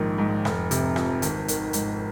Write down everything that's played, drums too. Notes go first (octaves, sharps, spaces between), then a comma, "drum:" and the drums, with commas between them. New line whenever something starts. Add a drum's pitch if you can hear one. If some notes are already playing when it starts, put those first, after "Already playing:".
Already playing: A#1 G#2 D#3
G#2
F1, drum: rim click
C3, drum: hi-hat
F2, drum: rim click
G#1, drum: hi-hat
D#3, drum: hi-hat
G#2, drum: hi-hat